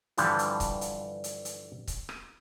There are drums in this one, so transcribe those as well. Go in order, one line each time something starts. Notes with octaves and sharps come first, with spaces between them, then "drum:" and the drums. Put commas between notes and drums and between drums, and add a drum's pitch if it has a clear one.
G2 D3 E3 F3 G3, drum: hi-hat
drum: hi-hat
drum: kick C#1, hi-hat
drum: hi-hat
drum: hi-hat
drum: hi-hat
drum: kick C#1, hi-hat
drum: rim click